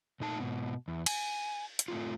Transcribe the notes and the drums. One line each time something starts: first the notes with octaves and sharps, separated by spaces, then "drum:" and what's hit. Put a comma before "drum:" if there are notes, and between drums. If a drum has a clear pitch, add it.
A#2 A3 D#4 A5
G#2 B2
E2
G#5, drum: cymbal
drum: hi-hat
A2 A3 C4 F4